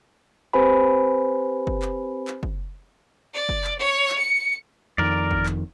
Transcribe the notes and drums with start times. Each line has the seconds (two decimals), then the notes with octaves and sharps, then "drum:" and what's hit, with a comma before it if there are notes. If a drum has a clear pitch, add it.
0.53 C4 G4 B4 C5 G#5 B5
1.67 drum: kick
1.82 drum: clap
2.28 drum: clap
2.43 drum: kick
3.34 D5
3.49 drum: kick
3.64 drum: clap
3.79 C#5
4.09 drum: clap
4.19 C#7
4.98 F2 D#3 A#4 D5
5.31 drum: kick
5.46 drum: clap